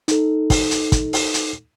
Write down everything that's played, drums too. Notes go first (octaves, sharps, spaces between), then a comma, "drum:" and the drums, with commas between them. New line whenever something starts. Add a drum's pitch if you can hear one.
D#4 A4, drum: hi-hat
drum: kick, open hi-hat
drum: hi-hat
drum: kick, hi-hat
drum: open hi-hat
drum: hi-hat